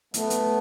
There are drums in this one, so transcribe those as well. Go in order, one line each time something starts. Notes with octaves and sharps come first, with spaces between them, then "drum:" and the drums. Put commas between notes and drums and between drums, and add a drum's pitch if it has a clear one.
A3 B3, drum: hi-hat
drum: hi-hat